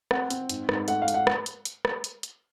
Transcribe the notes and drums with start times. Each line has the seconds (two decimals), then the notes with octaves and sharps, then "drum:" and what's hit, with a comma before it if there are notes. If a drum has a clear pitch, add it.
0.11 C4 F#5, drum: rim click
0.30 C4, drum: hi-hat
0.49 G#2, drum: hi-hat
0.69 G#2, drum: rim click
0.88 A3 F#5, drum: hi-hat
1.02 F5
1.08 A3, drum: hi-hat
1.14 F#5
1.27 drum: rim click
1.46 drum: hi-hat
1.65 drum: hi-hat
1.85 drum: rim click
2.04 drum: hi-hat
2.23 drum: hi-hat